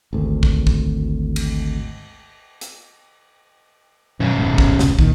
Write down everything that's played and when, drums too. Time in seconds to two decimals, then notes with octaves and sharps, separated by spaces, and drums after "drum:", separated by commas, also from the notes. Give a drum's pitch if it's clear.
0.13 G#1 D2
0.43 drum: kick
0.67 drum: kick
1.36 drum: cymbal
2.61 drum: hi-hat
4.20 F#2 B2 C#4
4.38 D#1 G#2
4.58 drum: kick
4.79 F1 C#2, drum: snare
4.99 C2 A#2 D#3, drum: kick